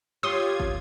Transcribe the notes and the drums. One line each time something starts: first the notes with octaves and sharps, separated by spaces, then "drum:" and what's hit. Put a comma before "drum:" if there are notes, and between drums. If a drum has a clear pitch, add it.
F4 G4 C#5 C6 D#6 G#6
drum: kick